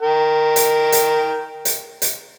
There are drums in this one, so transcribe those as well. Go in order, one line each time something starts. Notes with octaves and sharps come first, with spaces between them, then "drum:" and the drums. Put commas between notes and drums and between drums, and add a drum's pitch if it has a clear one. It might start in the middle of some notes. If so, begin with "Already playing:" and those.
A#4 G5
drum: hi-hat
drum: hi-hat
drum: hi-hat
drum: hi-hat